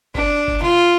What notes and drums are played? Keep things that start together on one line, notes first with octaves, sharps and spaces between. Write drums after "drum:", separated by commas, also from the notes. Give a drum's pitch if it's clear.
D4, drum: kick
drum: kick
F4, drum: tom B2